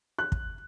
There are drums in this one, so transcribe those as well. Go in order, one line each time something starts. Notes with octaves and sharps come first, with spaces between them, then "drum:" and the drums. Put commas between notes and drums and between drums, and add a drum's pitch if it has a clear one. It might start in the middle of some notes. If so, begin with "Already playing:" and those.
F#6
drum: kick